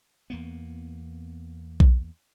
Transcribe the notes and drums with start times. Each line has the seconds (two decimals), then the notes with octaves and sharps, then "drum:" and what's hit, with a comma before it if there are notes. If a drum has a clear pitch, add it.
0.30 E2 A#3 B3
1.80 drum: kick B1